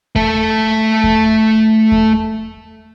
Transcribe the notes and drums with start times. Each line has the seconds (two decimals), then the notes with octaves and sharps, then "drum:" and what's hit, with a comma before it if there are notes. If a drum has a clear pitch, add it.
0.16 A3 A4, drum: kick E2
1.04 drum: kick E2
1.92 drum: kick E2